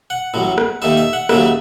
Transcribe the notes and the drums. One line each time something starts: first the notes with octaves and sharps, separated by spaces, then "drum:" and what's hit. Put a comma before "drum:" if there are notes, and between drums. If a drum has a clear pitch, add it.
F#5
A1 A2 F#3
drum: rim click
D#2 D#3 A3 E5
E5
F#5
D#2 C#3 F#3 A3 E5, drum: rim click